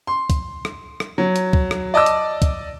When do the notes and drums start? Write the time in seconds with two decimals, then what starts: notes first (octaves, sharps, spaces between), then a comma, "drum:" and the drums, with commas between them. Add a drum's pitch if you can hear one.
0.07 C6
0.30 drum: kick C2, hi-hat
0.65 drum: rim click
1.00 drum: rim click
1.18 F#3
1.36 drum: hi-hat
1.53 drum: kick C2
1.71 drum: rim click
1.94 D5 D#5 A5 D6 E6
2.06 drum: hi-hat
2.42 drum: kick C2, hi-hat